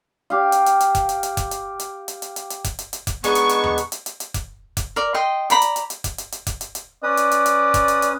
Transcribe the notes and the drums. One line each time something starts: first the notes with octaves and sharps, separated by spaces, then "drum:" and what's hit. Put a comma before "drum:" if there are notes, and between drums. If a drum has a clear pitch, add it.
G4 F5
drum: hi-hat
drum: hi-hat
drum: hi-hat
drum: kick F1, hi-hat
drum: hi-hat
drum: hi-hat
drum: kick F1, hi-hat
drum: hi-hat
drum: hi-hat
drum: hi-hat
drum: hi-hat
drum: hi-hat
drum: hi-hat
drum: kick F1, hi-hat
drum: hi-hat
drum: hi-hat
drum: kick F1, hi-hat
G#3 B3 D4 D#4 C#6, drum: hi-hat
drum: hi-hat
drum: hi-hat
drum: tom D#2
drum: hi-hat
drum: hi-hat
drum: hi-hat
drum: hi-hat
drum: kick F1, hi-hat
drum: kick F1, hi-hat
A#4 D5
D#5 G5 C6
D5 A#5 B5, drum: hi-hat
drum: hi-hat
drum: hi-hat
drum: hi-hat
drum: kick F1, hi-hat
drum: hi-hat
drum: hi-hat
drum: kick F1, hi-hat
drum: hi-hat
drum: hi-hat
C#4 B4 D5 D#6
drum: hi-hat
drum: hi-hat
drum: hi-hat
drum: kick F1, hi-hat
drum: hi-hat
drum: hi-hat